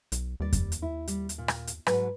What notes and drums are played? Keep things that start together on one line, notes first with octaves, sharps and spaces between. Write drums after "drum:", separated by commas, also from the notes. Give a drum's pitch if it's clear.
B1, drum: hi-hat
D#2 G3 D5
drum: kick F2, hi-hat
drum: hi-hat
E4
G3, drum: hi-hat
drum: hi-hat
A#2
drum: rim click
drum: hi-hat
G#2 F#3 B4, drum: rim click